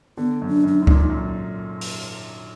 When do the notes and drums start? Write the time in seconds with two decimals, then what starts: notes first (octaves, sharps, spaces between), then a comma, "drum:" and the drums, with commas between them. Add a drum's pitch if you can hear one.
0.17 D3 B3
0.42 F#2
0.48 D4
0.64 F#2 D4
0.80 G#2 D#4
0.87 A#2, drum: kick C#2
1.10 F#2
1.81 drum: open hi-hat